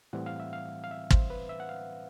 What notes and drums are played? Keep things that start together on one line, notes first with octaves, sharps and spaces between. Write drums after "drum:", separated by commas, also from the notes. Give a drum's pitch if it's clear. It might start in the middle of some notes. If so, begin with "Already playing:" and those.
A2 E3 G3 C4 F#5
F5
E5
F5
F5
E5
C5, drum: kick
B4
E5
F#5
F5